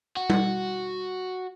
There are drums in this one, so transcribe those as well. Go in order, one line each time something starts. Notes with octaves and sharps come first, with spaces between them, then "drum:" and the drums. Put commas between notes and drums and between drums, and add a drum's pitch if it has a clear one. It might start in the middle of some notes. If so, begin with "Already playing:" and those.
F#4
drum: tom G3